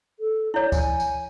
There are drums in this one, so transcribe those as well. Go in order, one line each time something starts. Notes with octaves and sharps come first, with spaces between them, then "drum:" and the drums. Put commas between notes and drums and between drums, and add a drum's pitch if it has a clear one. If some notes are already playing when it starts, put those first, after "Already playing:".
A4
E4 C#5 D5
G#5, drum: kick C#2, tambourine
drum: tambourine